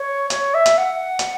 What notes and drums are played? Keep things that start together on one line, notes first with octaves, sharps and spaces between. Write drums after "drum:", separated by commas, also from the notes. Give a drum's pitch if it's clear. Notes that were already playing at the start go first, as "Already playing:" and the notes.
Already playing: C#5
C#5, drum: hi-hat
E5
drum: hi-hat
F#5
drum: hi-hat